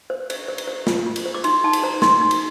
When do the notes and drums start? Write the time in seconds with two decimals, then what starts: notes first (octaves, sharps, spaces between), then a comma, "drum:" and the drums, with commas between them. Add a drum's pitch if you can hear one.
0.10 C5
0.30 C5, drum: cymbal
0.48 C5
0.58 drum: cymbal
0.67 C5
0.87 F4, drum: snare
1.06 F4
1.16 drum: cymbal
1.26 C5
1.34 D6
1.44 D#4 C6, drum: cymbal
1.64 D#4 A5
1.73 drum: cymbal
1.83 C5 A#5
2.02 D#4 C6, drum: snare
2.21 D#4
2.31 drum: cymbal